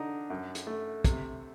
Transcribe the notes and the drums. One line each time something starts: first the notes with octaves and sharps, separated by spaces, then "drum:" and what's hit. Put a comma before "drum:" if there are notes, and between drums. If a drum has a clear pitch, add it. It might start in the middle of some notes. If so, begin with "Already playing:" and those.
Already playing: D3 D#4
F#2
drum: hi-hat
A3
C3, drum: kick, hi-hat